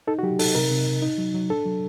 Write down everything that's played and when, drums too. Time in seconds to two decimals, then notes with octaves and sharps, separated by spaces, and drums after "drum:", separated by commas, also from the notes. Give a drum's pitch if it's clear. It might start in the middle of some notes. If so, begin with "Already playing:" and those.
0.07 D#4 A4
0.19 F#4
0.23 F#3 G4
0.39 D#4 A4, drum: open hi-hat
0.55 C3 A#4
0.71 C3
0.87 C3
1.02 D#4
1.18 F#3
1.34 F#3
1.50 D4 A4
1.65 F#3